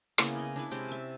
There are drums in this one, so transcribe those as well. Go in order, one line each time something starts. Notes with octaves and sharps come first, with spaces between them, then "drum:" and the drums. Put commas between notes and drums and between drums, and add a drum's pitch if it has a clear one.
C#3 A#3 B3 E4, drum: rim click
D#5 C#6
D4 E4 B4
C3 G#3 C#4 G5
E5 A5